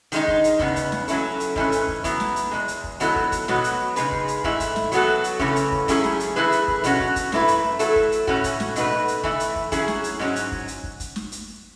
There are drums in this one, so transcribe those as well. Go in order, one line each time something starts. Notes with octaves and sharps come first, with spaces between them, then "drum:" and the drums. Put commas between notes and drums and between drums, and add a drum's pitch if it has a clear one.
D#3 G#3 D#4, drum: hi-hat
drum: kick
drum: hi-hat
E2 C#3 B3, drum: kick
drum: kick, hi-hat
drum: snare
F#3 C#4 E4 A4, drum: hi-hat
drum: hi-hat
G#2 E3 A3 C#4, drum: kick
drum: hi-hat
drum: kick
F#3 B3 E4, drum: kick, hi-hat
drum: snare
drum: hi-hat
E2 C#3 G#3
drum: hi-hat
drum: kick
D#3 F#3 B3 E4 A4, drum: hi-hat
drum: kick
drum: kick, hi-hat
B2 F#3 B3 F#4, drum: snare
drum: hi-hat
C#3 G#3 D#4 G#4 B4, drum: hi-hat
drum: kick
drum: hi-hat
G#2 E3 A3 E4, drum: kick
drum: kick, hi-hat
drum: snare
F#3 B3 F#4 A4, drum: hi-hat
drum: hi-hat
C#3 E3 A3 C#4, drum: kick
drum: hi-hat
drum: kick
F#3 A3 C#4 E4 G#4, drum: kick, hi-hat
drum: snare
drum: hi-hat
E3 A3 E4 G#4 B4
drum: hi-hat
drum: kick
B2 F#3 C#4 F#4, drum: hi-hat
drum: kick
drum: kick, hi-hat
F#2 E3 A3 E4 B4, drum: snare
drum: hi-hat
F#3 A3 E4 A4, drum: hi-hat
drum: kick
drum: hi-hat
A2 E3 A3 C#4 F#4, drum: kick
drum: kick, hi-hat
drum: snare
B2 A3 D#4 F#4 B4, drum: hi-hat
drum: hi-hat
E3 A3 E4, drum: kick
drum: hi-hat
drum: kick
F#3 C#4 E4 G#4, drum: kick, hi-hat
drum: snare
drum: hi-hat
G#2 F#3 C#4
drum: hi-hat
drum: kick
drum: hi-hat
drum: kick
drum: kick, hi-hat
drum: snare
drum: hi-hat